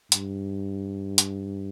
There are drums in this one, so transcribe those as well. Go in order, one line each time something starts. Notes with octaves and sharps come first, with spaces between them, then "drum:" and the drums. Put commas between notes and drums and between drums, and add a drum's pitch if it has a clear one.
G2, drum: hi-hat
drum: hi-hat